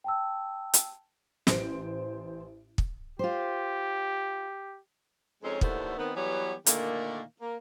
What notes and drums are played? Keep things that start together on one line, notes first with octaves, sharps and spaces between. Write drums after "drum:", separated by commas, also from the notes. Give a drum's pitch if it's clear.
G5 A5 E6
drum: hi-hat
A1 C5 D7, drum: snare
drum: kick
F4 G4 C5
F2 G#3 C4 C#4 D#4 C#5
D#2 A2 D3 A3 B3 C5, drum: kick
D#3 B3 C4
E3 F#3 G3 B3 G4 C#5
A#2 D3 D#3 A3 A#3, drum: hi-hat
A#3